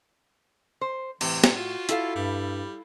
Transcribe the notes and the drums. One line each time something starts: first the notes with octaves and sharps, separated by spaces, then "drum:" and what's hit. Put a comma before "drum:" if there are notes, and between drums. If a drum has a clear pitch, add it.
C5
A2 C3 E3, drum: cymbal
drum: snare
F4 F#4
E4 A4 F5, drum: hi-hat
G2 G3